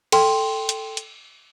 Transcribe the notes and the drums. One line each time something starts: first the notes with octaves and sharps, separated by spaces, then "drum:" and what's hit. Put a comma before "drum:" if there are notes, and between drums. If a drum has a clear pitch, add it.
A4 G5 C6, drum: cymbal
drum: hi-hat
drum: hi-hat